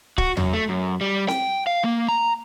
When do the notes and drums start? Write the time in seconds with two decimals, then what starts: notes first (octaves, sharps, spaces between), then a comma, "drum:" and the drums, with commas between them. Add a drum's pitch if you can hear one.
0.18 F#4, drum: kick C#1
0.37 F#2, drum: tom E2
0.53 A3
0.69 F#2
1.01 G3
1.28 G5, drum: snare C4
1.67 F5
1.84 A#3
2.08 A#5